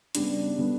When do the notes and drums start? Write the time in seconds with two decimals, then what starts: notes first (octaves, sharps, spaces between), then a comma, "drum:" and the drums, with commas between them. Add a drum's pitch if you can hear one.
0.15 C#3 G3 B3 D4, drum: hi-hat
0.58 D3 G3 B3